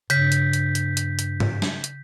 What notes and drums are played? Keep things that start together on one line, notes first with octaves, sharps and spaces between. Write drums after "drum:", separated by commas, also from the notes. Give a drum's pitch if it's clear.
G2 C#3 G6 B6, drum: hi-hat
drum: hi-hat
drum: hi-hat
drum: hi-hat
drum: hi-hat
drum: hi-hat
drum: tom G#2
drum: snare
drum: hi-hat